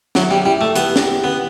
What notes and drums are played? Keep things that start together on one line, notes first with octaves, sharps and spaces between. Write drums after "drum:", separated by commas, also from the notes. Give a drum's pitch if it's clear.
F#3 E4, drum: snare
G3
G3 E4
A3
B3 G4, drum: hi-hat
drum: snare
G4
B3